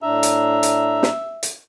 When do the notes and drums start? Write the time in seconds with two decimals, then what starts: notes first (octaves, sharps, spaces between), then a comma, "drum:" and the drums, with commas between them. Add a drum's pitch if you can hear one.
0.03 A2 D4 E5 A#5
0.23 drum: hi-hat
0.63 drum: hi-hat
1.03 drum: snare
1.43 drum: hi-hat